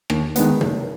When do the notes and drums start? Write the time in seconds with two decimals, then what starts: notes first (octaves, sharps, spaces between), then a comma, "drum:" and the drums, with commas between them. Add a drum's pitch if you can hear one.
0.10 D#2, drum: rim click
0.36 D#3 G#3 B3, drum: hi-hat
0.61 F#1, drum: tom